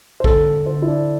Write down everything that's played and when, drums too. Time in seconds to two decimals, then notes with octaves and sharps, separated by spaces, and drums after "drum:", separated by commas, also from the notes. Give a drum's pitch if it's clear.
0.20 C5
0.24 D3 A4, drum: kick A#1
0.66 D3 C5
0.82 E4
0.88 D4